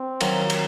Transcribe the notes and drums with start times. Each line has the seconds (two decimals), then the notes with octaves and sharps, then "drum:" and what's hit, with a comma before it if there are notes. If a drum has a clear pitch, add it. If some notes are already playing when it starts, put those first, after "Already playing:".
Already playing: C4
0.21 D#3 F#3 A#3 C#4, drum: cymbal
0.50 drum: cymbal